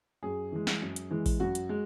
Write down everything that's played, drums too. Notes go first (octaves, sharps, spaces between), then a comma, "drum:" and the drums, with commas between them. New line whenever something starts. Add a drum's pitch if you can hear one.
F#2 G#4
E3 G#3
drum: snare
F#2
drum: hi-hat
E3 G#3
drum: kick A1, open hi-hat
F#2 F#4
drum: hi-hat
G#3